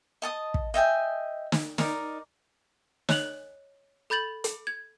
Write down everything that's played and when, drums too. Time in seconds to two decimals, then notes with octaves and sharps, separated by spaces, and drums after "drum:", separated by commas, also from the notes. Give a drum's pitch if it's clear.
0.22 D#5 A5 D#6
0.54 drum: kick
0.74 D#5 E5 G5 G#5
1.52 drum: snare
1.78 D#4 A#4 D5, drum: snare
3.09 C#5 D#5 F#6 F7 F#7, drum: snare
4.10 A4 B5 G6 A6 F#7
4.44 drum: hi-hat
4.67 G#6